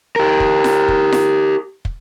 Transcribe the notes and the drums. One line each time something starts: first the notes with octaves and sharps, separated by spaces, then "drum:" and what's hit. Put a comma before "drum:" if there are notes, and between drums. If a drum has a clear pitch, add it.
G4 A#4
drum: kick
drum: snare F4
drum: kick
drum: snare F4
drum: kick